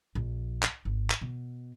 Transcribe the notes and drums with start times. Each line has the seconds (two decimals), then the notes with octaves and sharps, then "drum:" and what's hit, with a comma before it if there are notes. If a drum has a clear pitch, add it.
0.15 A#1
0.63 drum: clap
0.85 G#1
1.10 drum: clap
1.22 B2